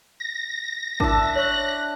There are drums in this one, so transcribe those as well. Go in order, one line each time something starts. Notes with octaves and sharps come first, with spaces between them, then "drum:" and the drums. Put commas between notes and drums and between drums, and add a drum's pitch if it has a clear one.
A#6
D4 E4 A#4 E5 A5, drum: kick G#1
C#5 C#6 F#6